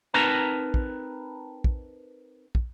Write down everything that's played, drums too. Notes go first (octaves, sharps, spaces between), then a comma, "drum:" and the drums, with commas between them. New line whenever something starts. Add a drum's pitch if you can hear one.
C4 D#4 A#4 B4 A5 A#5
drum: kick
drum: kick
drum: kick